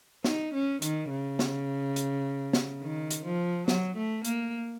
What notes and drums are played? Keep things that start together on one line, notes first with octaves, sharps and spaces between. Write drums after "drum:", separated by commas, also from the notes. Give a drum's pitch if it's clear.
D#4, drum: snare
C#4
D#3, drum: hi-hat
C#3
drum: snare
drum: hi-hat
drum: snare
D#3
drum: hi-hat
F3
F#3, drum: snare
A3
A#3, drum: hi-hat